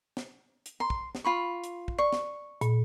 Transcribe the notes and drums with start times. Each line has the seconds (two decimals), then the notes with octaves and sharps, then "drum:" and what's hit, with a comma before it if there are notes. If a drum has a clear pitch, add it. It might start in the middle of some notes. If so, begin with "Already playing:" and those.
0.17 drum: snare
0.66 drum: hi-hat
0.80 A#5 C6
0.90 drum: kick
1.15 drum: snare
1.24 F4 B5 C#6
1.64 drum: hi-hat
1.88 drum: kick
1.99 D5 C#6
2.13 drum: snare
2.61 A#2, drum: hi-hat